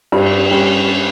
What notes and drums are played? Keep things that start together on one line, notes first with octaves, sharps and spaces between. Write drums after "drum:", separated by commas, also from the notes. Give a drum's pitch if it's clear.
G2, drum: cymbal
G3 C#4 G4